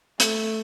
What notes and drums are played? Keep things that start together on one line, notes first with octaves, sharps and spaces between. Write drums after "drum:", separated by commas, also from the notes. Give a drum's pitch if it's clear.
A3, drum: hi-hat